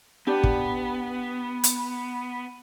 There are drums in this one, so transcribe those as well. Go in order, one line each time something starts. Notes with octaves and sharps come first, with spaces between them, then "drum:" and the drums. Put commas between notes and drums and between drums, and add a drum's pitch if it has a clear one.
B3 D4 G4 D5
drum: kick
drum: hi-hat